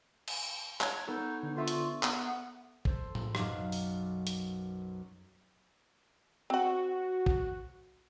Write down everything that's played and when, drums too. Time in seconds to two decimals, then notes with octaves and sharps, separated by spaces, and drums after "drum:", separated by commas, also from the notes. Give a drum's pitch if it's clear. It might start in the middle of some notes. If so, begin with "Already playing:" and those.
0.28 drum: cymbal
0.81 C#5, drum: clap
1.07 B3 D#4 A4 C#5
1.43 D3
1.56 F4 C5 E5 C#6
1.68 drum: hi-hat
2.03 B3 F#5, drum: clap
2.85 A4 C5, drum: kick
3.15 drum: tom A2
3.35 B1 F#2 F5 D6, drum: rim click
3.72 drum: open hi-hat
4.27 drum: hi-hat
6.50 C4 F#4 F#5
7.26 drum: kick